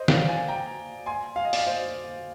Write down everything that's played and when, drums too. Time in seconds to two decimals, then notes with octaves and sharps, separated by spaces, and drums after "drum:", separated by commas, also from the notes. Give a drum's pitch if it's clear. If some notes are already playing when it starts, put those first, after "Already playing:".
Already playing: C5 D#5
0.08 D5 F5, drum: snare
0.28 F5 G#5
0.48 G5 A#5
1.06 G#5 C6
1.36 F5
1.45 D#5
1.53 D5 F5, drum: open hi-hat
1.66 C5 D#5